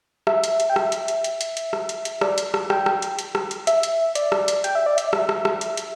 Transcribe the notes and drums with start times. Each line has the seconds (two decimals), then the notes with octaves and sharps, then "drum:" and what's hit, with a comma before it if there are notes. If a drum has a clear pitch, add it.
0.27 E5, drum: rim click
0.44 drum: hi-hat
0.60 drum: hi-hat
0.70 G5
0.76 E5, drum: rim click
0.92 drum: hi-hat
1.08 drum: hi-hat
1.24 drum: hi-hat
1.41 drum: hi-hat
1.57 drum: hi-hat
1.73 drum: rim click
1.89 drum: hi-hat
2.05 drum: hi-hat
2.21 D5, drum: rim click
2.38 drum: hi-hat
2.54 drum: rim click
2.70 G5, drum: rim click
2.86 drum: rim click
3.02 drum: hi-hat
3.19 drum: hi-hat
3.35 drum: rim click
3.51 drum: hi-hat
3.67 E5, drum: hi-hat
3.83 drum: hi-hat
4.15 D5, drum: hi-hat
4.32 drum: rim click
4.48 drum: hi-hat
4.64 G5, drum: hi-hat
4.75 E5
4.86 D5
4.98 E5, drum: hi-hat
5.13 E5, drum: rim click
5.29 drum: rim click
5.45 drum: rim click
5.61 drum: hi-hat
5.77 drum: hi-hat